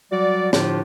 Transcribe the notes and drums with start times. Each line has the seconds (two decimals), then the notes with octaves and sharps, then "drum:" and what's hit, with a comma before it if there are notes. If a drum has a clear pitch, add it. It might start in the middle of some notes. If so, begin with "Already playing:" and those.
0.11 F#3 G3 F#4 D5
0.53 A2 D3 F3 D4 F4 G4, drum: snare